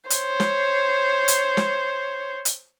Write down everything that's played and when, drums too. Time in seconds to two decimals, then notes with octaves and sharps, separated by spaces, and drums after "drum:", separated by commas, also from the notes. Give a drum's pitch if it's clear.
0.10 C5 C#5, drum: hi-hat
0.40 drum: snare
1.28 drum: hi-hat
1.57 drum: snare
2.45 drum: hi-hat